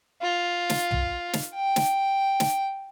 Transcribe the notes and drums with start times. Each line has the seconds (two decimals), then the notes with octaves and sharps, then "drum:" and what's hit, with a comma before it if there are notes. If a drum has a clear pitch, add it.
0.22 F4
0.70 drum: snare
0.91 drum: tom
1.33 drum: snare
1.55 G5
1.76 drum: snare
2.40 drum: snare